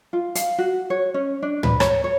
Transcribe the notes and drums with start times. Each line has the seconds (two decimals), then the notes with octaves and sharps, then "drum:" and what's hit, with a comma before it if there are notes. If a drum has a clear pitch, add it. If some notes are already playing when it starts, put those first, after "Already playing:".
0.13 F4
0.35 F5, drum: hi-hat
0.58 F#4
0.90 C#5
1.14 C#4
1.42 D4
1.63 B4, drum: tom
1.80 C#5, drum: rim click
2.04 C#5